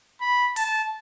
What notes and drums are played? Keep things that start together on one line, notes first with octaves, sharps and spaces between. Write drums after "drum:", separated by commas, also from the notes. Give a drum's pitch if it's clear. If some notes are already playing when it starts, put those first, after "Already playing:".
B5
A5, drum: open hi-hat